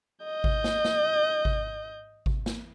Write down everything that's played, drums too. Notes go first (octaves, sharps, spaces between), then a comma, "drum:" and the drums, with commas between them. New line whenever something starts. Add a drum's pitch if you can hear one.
D#5 G6
drum: kick G#1
drum: snare
drum: snare
drum: kick G#1
drum: kick G#1
drum: snare